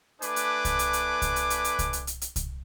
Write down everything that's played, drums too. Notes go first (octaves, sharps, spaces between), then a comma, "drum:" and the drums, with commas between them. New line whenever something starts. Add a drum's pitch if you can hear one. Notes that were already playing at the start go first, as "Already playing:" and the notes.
A3 D4 B4 G#5 D6, drum: hi-hat
drum: hi-hat
drum: kick C2, hi-hat
drum: hi-hat
drum: hi-hat
drum: kick C2, hi-hat
drum: hi-hat
drum: hi-hat
drum: hi-hat
drum: kick C2, hi-hat
drum: hi-hat
drum: hi-hat
drum: hi-hat
drum: kick C2, hi-hat